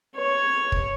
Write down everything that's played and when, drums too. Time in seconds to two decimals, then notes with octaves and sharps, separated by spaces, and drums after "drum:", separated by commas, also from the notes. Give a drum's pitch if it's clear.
0.16 C#5
0.72 drum: kick